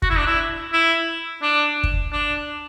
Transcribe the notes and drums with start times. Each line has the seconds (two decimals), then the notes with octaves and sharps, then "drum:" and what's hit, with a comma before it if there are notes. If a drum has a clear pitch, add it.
0.02 F#4, drum: kick
0.10 E4
0.18 D4
0.26 E4
0.73 E4
1.42 D4
1.84 drum: kick
2.12 D4